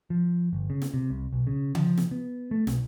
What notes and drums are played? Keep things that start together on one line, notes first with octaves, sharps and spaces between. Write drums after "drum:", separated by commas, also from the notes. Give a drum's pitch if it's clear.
F3
G1
C#3
drum: snare
C3
C2
B1
C#3
F3, drum: tom C#3
drum: snare
B3
A3
B1, drum: snare